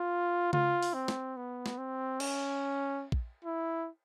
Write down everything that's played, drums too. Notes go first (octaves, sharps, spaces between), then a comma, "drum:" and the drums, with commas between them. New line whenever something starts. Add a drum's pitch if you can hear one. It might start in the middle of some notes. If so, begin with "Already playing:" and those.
Already playing: F4
F4, drum: tom C#3
drum: open hi-hat
C4
drum: snare
B3
drum: snare
C4
C#4, drum: cymbal
drum: kick
E4